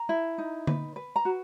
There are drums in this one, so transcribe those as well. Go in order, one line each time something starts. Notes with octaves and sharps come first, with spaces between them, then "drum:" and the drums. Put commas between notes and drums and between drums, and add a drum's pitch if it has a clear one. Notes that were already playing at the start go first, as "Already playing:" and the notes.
Already playing: A#5
E4
D#4
B4, drum: tom D3
B4
A#5
F#4